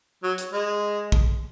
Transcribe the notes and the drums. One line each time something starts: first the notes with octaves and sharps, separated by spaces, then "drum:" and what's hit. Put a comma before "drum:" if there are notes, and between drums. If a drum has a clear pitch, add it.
F#3
drum: hi-hat
G#3
drum: kick